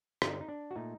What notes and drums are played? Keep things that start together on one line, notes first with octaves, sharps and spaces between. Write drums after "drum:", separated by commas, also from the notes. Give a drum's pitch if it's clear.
G2 D3 G3 D#4, drum: rim click
D#4
D4
F#4
A#2 A3 D#4